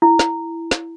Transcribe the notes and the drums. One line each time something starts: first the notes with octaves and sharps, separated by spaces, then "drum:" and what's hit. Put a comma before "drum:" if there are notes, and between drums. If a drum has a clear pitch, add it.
E4
drum: snare
drum: snare